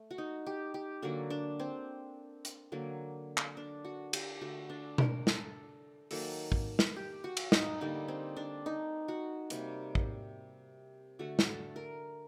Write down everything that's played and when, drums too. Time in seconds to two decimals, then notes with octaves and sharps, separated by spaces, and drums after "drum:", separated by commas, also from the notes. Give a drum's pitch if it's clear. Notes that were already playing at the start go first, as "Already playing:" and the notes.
Already playing: A3
0.11 F#4
0.18 D#4
0.46 G4
0.74 G4
1.02 D3 F#3 A#3 F#4
1.30 D4
1.60 C4
2.45 drum: hi-hat
2.72 D3 F#3 A#3
3.37 drum: clap
3.57 D4
3.85 F#4
4.13 G4, drum: cymbal
4.41 D3 A3 F#4
4.70 D4
4.98 A#4, drum: tom B2
5.27 A4, drum: snare
6.11 D#3 F#3 A#3 A4, drum: open hi-hat
6.52 drum: kick
6.79 drum: snare
6.96 G4
7.24 F#4
7.37 drum: cymbal
7.52 D#4, drum: snare
7.81 D3 G3 A#3 D#4
8.08 C4
8.37 D4
8.66 D#4
9.08 F#4
9.50 C3 G3 A#3, drum: hi-hat
9.95 drum: kick
11.19 D3 A3 F#4
11.39 drum: snare
11.48 A4
11.76 A#4